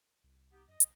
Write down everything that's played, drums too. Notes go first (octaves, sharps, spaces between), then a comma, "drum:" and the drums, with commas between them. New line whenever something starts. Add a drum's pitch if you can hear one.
C2
B3 D#4 G4
F#2 D#5
B1, drum: hi-hat